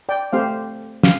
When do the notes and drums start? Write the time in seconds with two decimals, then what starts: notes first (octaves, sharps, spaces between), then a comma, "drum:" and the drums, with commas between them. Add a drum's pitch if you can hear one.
0.09 D5 G5
0.32 A3 C4 G4 C5 F5
1.03 F5, drum: snare